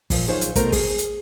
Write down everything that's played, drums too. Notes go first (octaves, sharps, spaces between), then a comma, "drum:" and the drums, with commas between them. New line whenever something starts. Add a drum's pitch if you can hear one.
A#2 F3, drum: kick, open hi-hat
D#3 F#3 F4 G#4 C5 C#5
drum: hi-hat
F2 B2 A3 A#4 C5 A#5, drum: kick, hi-hat
G#4, drum: kick, open hi-hat
drum: hi-hat